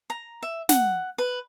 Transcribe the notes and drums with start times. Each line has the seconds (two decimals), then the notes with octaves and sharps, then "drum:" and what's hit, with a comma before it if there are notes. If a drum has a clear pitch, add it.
0.10 A#5
0.43 E5
0.69 F#5, drum: snare
1.18 B4